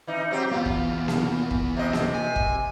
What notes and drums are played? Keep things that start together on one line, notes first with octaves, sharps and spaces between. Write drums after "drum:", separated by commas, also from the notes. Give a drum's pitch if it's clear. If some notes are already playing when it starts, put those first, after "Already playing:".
E3 D#4
F#3 C4 G4
E2 B3 F4
drum: kick
drum: snare A#3
drum: kick
C3 D#5
drum: snare A#3
G#5
drum: kick